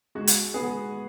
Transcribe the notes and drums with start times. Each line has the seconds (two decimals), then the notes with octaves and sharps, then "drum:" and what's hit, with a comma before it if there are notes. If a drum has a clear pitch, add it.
0.15 G#3 F#4
0.27 drum: hi-hat
0.54 B3 G#4